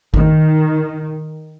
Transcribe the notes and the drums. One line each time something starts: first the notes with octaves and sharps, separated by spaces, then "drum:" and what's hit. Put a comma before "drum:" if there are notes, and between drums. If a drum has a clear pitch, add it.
D#3, drum: kick G#1